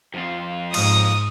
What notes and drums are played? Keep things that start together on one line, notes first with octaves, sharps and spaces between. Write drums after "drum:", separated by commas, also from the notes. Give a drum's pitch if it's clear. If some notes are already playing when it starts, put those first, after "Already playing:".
F2 F4
G#2 D#6, drum: cymbal